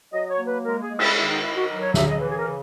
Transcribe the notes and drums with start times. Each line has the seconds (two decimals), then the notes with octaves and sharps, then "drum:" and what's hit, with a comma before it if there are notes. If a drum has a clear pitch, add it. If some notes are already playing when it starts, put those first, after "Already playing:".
0.12 F#3 D#5
0.29 C#5
0.38 A#3
0.46 B4
0.64 G#3 A#4
0.82 G#4
0.90 G#3
0.99 E4, drum: cymbal
1.17 D#3 E4
1.29 D#4
1.42 D#3 E4
1.55 F#4
1.69 F#3 A#4
1.81 C#5
1.94 C#3 E5, drum: snare
2.07 D#5
2.20 E3 B4
2.30 G#4
2.38 A#4
2.46 C#3